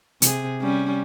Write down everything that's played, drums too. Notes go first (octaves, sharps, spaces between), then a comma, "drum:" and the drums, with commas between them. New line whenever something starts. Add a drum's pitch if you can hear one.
C3 G#4, drum: hi-hat
G3 C#4